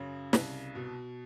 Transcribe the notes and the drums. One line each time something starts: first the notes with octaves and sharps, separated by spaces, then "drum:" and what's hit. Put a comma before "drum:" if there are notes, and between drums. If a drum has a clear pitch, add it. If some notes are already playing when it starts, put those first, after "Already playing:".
Already playing: F#2 C#3 C#5
C2, drum: snare
B2